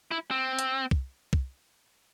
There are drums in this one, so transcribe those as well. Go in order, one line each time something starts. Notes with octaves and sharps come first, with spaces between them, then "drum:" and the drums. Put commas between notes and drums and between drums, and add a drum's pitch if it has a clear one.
E4
C4
drum: hi-hat
drum: kick
drum: kick